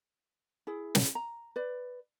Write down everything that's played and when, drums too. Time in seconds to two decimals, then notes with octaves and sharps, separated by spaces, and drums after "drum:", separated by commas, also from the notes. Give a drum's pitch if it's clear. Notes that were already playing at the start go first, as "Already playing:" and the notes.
0.67 E4 G#4
0.95 drum: snare
1.15 A#5
1.56 B4 D5